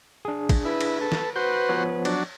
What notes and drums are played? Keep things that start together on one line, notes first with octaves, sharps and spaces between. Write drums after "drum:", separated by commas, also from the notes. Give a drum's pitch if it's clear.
D4 G#4
drum: kick, cymbal
E4 B4
drum: cymbal
A4
drum: snare
F#4 B4 C5 G6
F3 B3 C#5
F#3 D4, drum: cymbal